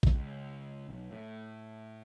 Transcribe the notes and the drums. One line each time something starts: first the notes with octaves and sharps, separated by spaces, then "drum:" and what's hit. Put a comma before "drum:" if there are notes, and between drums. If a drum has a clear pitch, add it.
drum: kick
C#2
B1
A2